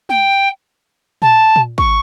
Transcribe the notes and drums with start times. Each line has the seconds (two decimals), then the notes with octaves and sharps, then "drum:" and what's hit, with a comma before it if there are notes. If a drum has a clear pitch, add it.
0.09 G5, drum: tom G#3
1.22 A5, drum: tom A#2
1.56 drum: tom A#2
1.78 C#6, drum: kick